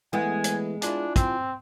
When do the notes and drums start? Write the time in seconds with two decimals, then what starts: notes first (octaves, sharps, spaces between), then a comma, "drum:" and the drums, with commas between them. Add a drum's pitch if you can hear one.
0.13 E3 G#3 A3 B3 G#5
0.44 drum: hi-hat
0.82 D4 E4 F4 G#5, drum: hi-hat
1.16 C4, drum: kick, hi-hat